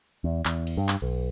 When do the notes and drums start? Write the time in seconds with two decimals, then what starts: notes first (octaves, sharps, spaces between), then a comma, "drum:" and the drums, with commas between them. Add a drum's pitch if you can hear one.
0.24 E2
0.45 E2, drum: clap
0.67 drum: cymbal
0.77 G2
0.89 drum: clap
1.02 B1